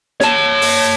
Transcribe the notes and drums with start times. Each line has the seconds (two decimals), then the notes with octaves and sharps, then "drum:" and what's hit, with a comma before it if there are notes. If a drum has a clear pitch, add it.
0.20 C#5 A5, drum: snare
0.62 drum: open hi-hat